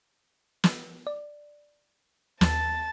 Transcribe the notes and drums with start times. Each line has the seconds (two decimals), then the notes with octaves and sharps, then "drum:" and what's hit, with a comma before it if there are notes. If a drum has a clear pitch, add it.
0.64 drum: snare
1.07 D5
2.41 D#2 A5 A6, drum: snare